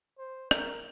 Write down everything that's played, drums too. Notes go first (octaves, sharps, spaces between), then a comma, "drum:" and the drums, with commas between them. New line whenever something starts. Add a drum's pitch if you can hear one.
C5
A#4, drum: rim click